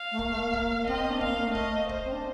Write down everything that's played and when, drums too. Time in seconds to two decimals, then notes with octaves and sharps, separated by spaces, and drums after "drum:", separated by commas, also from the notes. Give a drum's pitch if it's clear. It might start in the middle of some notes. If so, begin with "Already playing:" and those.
Already playing: F5
0.12 A3
0.19 A#3, drum: kick C#1
0.30 A3
0.42 A#3
0.53 A#3, drum: kick C#1
0.87 C4 D#5, drum: kick C#1
0.99 C4
1.10 D4
1.21 A#3 F5, drum: kick C#1
1.33 A#3
1.44 A3
1.55 D#5, drum: kick C#1
1.89 C5, drum: kick C#1
2.05 C4
2.12 D4